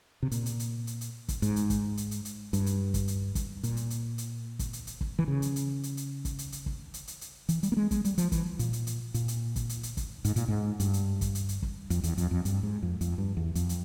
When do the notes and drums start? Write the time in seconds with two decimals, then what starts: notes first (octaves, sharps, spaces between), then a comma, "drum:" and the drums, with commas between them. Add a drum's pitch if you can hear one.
0.23 C3
0.31 A#2, drum: hi-hat
0.46 drum: hi-hat
0.60 drum: hi-hat
0.87 drum: hi-hat
1.01 drum: hi-hat
1.28 drum: kick, hi-hat
1.42 G#2, drum: hi-hat
1.56 drum: hi-hat
1.70 drum: kick, hi-hat
1.97 drum: hi-hat
2.11 drum: hi-hat
2.25 drum: hi-hat
2.53 G2, drum: hi-hat
2.66 drum: hi-hat
2.94 drum: kick, hi-hat
3.08 drum: hi-hat
3.35 drum: kick, hi-hat
3.63 A#2, drum: hi-hat
3.77 drum: hi-hat
3.90 drum: hi-hat
4.18 drum: hi-hat
4.59 drum: kick, hi-hat
4.73 drum: hi-hat
4.87 drum: hi-hat
5.01 drum: kick
5.19 E3
5.28 C#3
5.42 drum: hi-hat
5.56 drum: hi-hat
5.83 drum: hi-hat
5.97 drum: hi-hat
6.25 drum: kick, hi-hat
6.39 drum: hi-hat
6.52 drum: hi-hat
6.66 drum: kick
6.94 drum: hi-hat
7.07 drum: hi-hat
7.21 drum: hi-hat
7.49 E3, drum: hi-hat
7.63 G3, drum: hi-hat
7.72 A#3
7.77 G#3
7.91 G#3, drum: kick, hi-hat
8.05 G3, drum: hi-hat
8.18 F3, drum: hi-hat
8.32 E3, drum: kick, hi-hat
8.59 A#2, drum: hi-hat
8.73 drum: hi-hat
8.87 drum: hi-hat
9.14 A#2, drum: hi-hat
9.28 drum: hi-hat
9.56 drum: kick, hi-hat
9.69 drum: hi-hat
9.83 drum: hi-hat
9.97 drum: kick, hi-hat
10.25 G#2, drum: hi-hat
10.36 A#2, drum: hi-hat
10.48 G#2
10.80 G2, drum: hi-hat
10.94 drum: hi-hat
11.21 drum: kick, hi-hat
11.35 drum: hi-hat
11.49 drum: hi-hat
11.62 drum: kick
11.90 F2, drum: hi-hat
12.03 E2, drum: hi-hat
12.18 F2, drum: hi-hat
12.31 F2
12.45 G2, drum: hi-hat
12.63 G#2
12.83 F2
13.01 F2, drum: hi-hat
13.18 G2
13.37 E2
13.55 F2, drum: hi-hat
13.69 drum: hi-hat